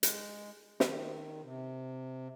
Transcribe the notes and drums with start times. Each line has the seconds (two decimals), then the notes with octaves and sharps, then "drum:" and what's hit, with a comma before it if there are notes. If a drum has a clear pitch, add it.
0.03 G#3, drum: hi-hat
0.80 D#3, drum: snare
1.43 C3